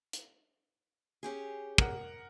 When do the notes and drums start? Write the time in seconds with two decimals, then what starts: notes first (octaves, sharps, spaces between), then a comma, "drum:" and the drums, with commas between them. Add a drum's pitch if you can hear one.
0.13 drum: hi-hat
1.23 C#4 G4 G#4
1.78 A#4 F#5, drum: kick